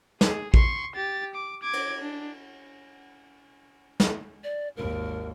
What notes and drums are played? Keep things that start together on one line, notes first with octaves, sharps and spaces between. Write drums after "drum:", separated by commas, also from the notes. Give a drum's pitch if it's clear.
G#4, drum: snare
C6 C#6, drum: kick A1
G4 A6
D6
D6 G#6
drum: cymbal
D4
drum: snare
D5
G#1 D#2 A#4